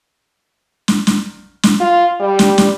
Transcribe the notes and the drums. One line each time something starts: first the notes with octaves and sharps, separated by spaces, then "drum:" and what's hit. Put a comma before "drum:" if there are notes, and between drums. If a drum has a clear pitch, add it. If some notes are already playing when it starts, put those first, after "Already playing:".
drum: snare
drum: snare
drum: snare
F4
G3
drum: snare
drum: snare